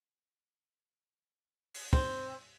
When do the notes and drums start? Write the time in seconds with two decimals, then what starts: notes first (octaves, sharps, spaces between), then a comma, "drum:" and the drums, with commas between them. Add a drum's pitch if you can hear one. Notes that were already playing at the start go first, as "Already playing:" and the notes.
1.74 drum: open hi-hat
1.93 C4, drum: kick